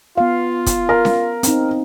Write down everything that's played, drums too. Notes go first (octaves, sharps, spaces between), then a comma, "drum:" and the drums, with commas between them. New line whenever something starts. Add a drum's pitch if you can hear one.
B3 F4 F5
drum: kick, hi-hat
A#4
drum: snare C#4
C4 D#4, drum: hi-hat